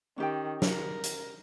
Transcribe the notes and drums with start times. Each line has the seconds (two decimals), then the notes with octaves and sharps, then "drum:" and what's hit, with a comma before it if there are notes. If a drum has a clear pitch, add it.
0.18 D#3 C#4 G4 G5
0.62 A#4, drum: snare
1.04 drum: hi-hat